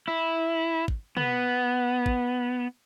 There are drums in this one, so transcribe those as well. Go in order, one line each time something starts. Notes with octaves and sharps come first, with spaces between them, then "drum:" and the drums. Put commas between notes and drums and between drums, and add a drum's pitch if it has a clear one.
E4
drum: kick
B3, drum: tom
drum: kick